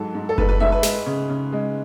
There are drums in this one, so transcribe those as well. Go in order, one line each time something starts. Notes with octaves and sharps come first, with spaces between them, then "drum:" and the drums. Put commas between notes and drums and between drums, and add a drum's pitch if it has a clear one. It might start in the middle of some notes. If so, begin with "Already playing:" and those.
Already playing: G#2 F#3 A4
G#2
A4
G#2 B4, drum: kick F#1
B4
G#2 E5
B4
G#3, drum: snare
C#3
C#3
G#3